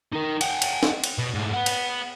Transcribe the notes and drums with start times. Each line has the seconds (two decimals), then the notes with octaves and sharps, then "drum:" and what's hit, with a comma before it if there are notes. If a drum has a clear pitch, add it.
0.12 D#4 A#4
0.41 F#5 G5, drum: cymbal
0.62 drum: cymbal
0.83 drum: snare
1.04 drum: cymbal
1.18 B2
1.34 G#2 A3
1.53 B4 F#5
1.66 drum: cymbal